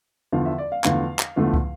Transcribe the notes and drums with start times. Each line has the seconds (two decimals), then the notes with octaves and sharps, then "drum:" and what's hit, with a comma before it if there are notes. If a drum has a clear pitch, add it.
0.32 E2 D3 F3 F5
0.45 E5
0.58 D5
0.72 F5
0.84 E2 D3 F3 A3 F5, drum: clap
1.19 drum: clap
1.36 E2 D3 F3 A3
1.54 drum: kick